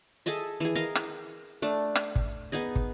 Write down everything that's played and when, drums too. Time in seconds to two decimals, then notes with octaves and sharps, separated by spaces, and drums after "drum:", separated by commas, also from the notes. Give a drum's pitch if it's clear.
0.26 G#4 A4 D#5 E5
0.60 E3 G#4
0.75 A#4 D#5 F5 A#5
0.95 drum: rim click
1.62 A3 D4
1.95 drum: rim click
2.15 drum: kick
2.52 B3 D#4 G#4 D#5
2.76 drum: kick